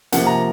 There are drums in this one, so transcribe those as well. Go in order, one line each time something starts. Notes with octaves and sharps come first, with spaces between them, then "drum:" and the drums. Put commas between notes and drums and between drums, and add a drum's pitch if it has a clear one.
C3 F3 A#3 F#5, drum: hi-hat
A#5